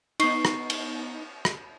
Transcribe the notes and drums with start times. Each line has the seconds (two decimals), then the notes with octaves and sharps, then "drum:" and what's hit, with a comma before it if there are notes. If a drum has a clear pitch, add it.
0.20 B3 D#4 C#6 C7, drum: cymbal
0.45 drum: rim click
0.70 drum: cymbal
1.45 drum: rim click